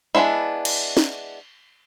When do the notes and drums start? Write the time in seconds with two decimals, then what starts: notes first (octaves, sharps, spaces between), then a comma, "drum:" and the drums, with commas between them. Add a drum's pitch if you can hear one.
0.15 G#3 B3 C4 D4 E4
0.65 drum: cymbal
0.97 drum: snare